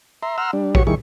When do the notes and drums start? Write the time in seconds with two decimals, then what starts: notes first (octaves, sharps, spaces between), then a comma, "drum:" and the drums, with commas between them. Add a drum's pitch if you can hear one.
0.23 E5 A#5 C6
0.38 F#5 A#5 C6 E6 F6
0.53 G3 D4
0.75 F#4 G4 C#5 C#6, drum: kick A#1
0.87 D#2 D#3 G3 E4 G#4 C#6